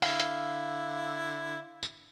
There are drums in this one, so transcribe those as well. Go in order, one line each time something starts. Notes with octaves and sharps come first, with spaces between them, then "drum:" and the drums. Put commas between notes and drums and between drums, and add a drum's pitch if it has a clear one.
D3 E4 F5, drum: open hi-hat
drum: hi-hat
drum: tambourine